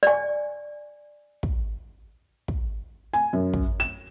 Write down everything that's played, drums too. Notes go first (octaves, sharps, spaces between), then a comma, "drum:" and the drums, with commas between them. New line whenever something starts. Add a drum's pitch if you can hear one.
D5 G#5
drum: kick
drum: kick
G#5
F#2
drum: kick
E7